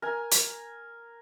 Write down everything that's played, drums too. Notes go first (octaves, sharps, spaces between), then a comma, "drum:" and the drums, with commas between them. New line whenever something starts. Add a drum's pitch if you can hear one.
A#4 G#5
drum: hi-hat